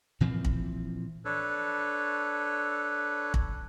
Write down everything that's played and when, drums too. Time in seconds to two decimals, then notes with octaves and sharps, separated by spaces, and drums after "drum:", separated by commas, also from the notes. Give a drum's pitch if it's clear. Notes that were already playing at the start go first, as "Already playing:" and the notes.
0.20 A#2 E3 F3 C4
0.45 drum: kick
1.25 D4 A4 B4 C#5
3.34 drum: kick